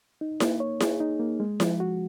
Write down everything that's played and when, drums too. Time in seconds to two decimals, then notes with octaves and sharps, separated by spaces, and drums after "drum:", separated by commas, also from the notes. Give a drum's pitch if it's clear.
0.21 D#4
0.40 A#3, drum: snare E4
0.60 C#5
0.80 G#4, drum: snare E4
1.00 D#4
1.20 A#3
1.40 G#3
1.60 F3, drum: snare E4
1.80 F#4